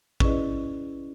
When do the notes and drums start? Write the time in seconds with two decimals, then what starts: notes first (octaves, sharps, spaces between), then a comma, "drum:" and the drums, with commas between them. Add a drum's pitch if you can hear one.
0.20 C#4 E4 G#4 B4 D5 D#5, drum: kick